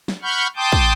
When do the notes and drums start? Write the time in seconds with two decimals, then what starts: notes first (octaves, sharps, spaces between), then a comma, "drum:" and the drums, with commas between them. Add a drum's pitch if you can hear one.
0.08 drum: snare
0.22 F#5 B5 C#6 F6 G6
0.56 G5 A5 C6 D6 D#6 G6
0.72 drum: kick